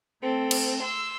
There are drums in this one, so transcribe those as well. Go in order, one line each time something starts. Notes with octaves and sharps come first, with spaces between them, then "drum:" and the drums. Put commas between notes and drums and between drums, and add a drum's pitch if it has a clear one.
A3 C4 A4
drum: cymbal
C6 E6